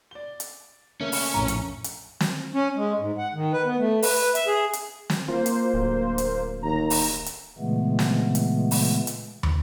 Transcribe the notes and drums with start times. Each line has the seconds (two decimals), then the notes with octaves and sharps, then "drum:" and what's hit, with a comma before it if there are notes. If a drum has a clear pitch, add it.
0.11 D5 G7
0.40 drum: hi-hat
1.01 C#3 A3 A#3 C#4
1.12 drum: open hi-hat
1.34 A#1 F2 A2 A#5
1.48 drum: hi-hat
1.84 drum: hi-hat
2.20 drum: snare
2.53 C#4
2.76 G#3
2.99 G#2
3.18 F#5
3.34 D#3
3.53 B4
3.65 B3
3.78 A3
4.02 B4, drum: open hi-hat
4.15 B4
4.35 E5, drum: hi-hat
4.47 G#4
4.73 drum: hi-hat
5.10 drum: snare
5.28 A#3 F4 C5
5.46 drum: hi-hat
5.74 D1
6.18 drum: hi-hat
6.63 D#2 A#5
6.90 drum: open hi-hat
7.26 drum: hi-hat
7.58 A#2 C#3 E3 G#3 A3 B3
7.99 drum: snare
8.35 drum: hi-hat
8.71 drum: open hi-hat
9.07 drum: hi-hat
9.43 drum: tom